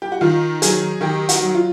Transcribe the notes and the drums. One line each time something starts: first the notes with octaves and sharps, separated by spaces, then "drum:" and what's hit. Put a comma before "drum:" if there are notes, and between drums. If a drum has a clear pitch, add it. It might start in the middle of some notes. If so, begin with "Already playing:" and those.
G4
F#4
D#3 F4
F#3 G#4, drum: hi-hat
D#3 G4
F#4, drum: hi-hat
F#3
F4